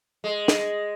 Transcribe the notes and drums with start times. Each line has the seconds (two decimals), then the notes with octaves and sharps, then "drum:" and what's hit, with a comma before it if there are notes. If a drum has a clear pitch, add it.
0.24 G#3
0.48 drum: snare